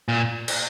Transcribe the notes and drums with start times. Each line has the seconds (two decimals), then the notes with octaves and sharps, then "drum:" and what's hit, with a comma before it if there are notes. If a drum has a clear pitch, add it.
0.08 A#2
0.48 drum: cymbal